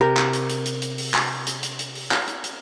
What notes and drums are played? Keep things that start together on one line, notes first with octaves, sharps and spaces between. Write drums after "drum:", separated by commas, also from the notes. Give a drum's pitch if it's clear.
C3 G4 A#4
drum: clap
drum: hi-hat
drum: hi-hat
drum: hi-hat
drum: hi-hat
drum: open hi-hat
drum: clap
drum: hi-hat
drum: hi-hat
drum: hi-hat
drum: open hi-hat
drum: clap
drum: hi-hat
drum: hi-hat